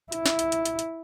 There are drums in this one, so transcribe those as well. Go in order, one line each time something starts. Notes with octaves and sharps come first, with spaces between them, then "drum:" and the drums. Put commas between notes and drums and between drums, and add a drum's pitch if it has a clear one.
E4, drum: hi-hat
drum: snare
drum: hi-hat
drum: hi-hat
drum: hi-hat
drum: hi-hat